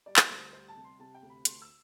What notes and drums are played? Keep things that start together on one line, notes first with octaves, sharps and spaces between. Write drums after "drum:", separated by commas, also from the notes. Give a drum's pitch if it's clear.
G3 D5
drum: clap
D2 C5
G3 C5
A5
C3
C6
C3 A5
G5
D2
B5
D2 C6, drum: hi-hat
E6